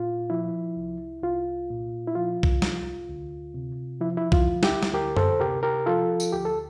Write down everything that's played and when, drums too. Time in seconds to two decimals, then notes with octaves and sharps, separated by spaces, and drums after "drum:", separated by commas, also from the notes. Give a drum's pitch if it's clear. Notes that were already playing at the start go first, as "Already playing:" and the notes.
Already playing: A#2 F4
0.30 F3 E4
0.77 C2
1.22 C2 F4
1.70 A#2
2.08 E4
2.15 F3 F4
2.43 drum: kick B1
2.62 C2, drum: snare
3.09 D2
3.54 C3
4.01 F3 E4
4.17 E4
4.32 F4, drum: kick B1
4.48 D2
4.63 E4 G4, drum: snare
4.83 drum: snare
4.94 D2 G4 A#4
5.17 A4 C5, drum: tom F#2
5.40 C3 G4 A#4
5.63 G4 A#4
5.86 F3 F4 A4
6.20 drum: tambourine
6.33 D2 G4
6.45 A4